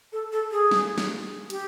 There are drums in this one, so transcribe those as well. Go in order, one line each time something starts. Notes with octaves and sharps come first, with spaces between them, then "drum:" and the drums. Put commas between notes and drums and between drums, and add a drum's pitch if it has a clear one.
A4
A4
G#4
drum: snare
drum: snare
G4, drum: hi-hat